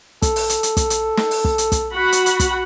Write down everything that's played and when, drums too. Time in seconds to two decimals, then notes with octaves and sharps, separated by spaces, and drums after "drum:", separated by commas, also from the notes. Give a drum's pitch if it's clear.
0.22 A4, drum: kick, hi-hat
0.36 drum: open hi-hat
0.49 drum: hi-hat
0.63 drum: hi-hat
0.77 drum: kick, hi-hat
0.90 drum: hi-hat
1.17 drum: snare
1.31 drum: open hi-hat
1.45 drum: kick
1.58 drum: hi-hat
1.72 drum: kick, hi-hat
1.92 F#4 F#5 B5
2.12 drum: hi-hat
2.26 drum: hi-hat
2.40 drum: kick, hi-hat